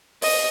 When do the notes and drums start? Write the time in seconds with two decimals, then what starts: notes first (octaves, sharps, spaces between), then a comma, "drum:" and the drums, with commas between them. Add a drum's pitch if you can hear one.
0.22 D#5, drum: open hi-hat